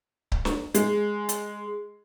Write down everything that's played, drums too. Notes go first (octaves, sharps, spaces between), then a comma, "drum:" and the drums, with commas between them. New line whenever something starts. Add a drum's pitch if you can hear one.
drum: kick C#1
drum: snare
G#3, drum: hi-hat
drum: hi-hat